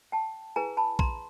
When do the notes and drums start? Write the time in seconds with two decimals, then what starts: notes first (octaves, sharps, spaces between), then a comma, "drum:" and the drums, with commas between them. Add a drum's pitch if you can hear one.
0.12 G5 A5
0.56 E4 G#4 B4 G#5 A#5
0.77 A5 B5
0.99 A#5 C6, drum: kick A#1